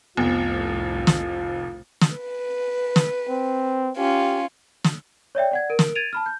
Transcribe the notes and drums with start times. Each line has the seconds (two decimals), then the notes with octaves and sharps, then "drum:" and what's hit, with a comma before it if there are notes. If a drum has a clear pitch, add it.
0.17 F1 C2 F2 A2 B3 F4
1.07 drum: snare
2.01 drum: snare
2.13 B4
2.96 drum: snare
3.28 C4
3.98 C#4 F4 G4
4.84 drum: snare
5.35 C#5 D5 E5 G5
5.51 D5 F#5 G#6
5.70 A#4 D7
5.79 drum: snare
5.95 G#6 A6 D7 D#7 F7
6.13 A5 B5 F6
6.26 G6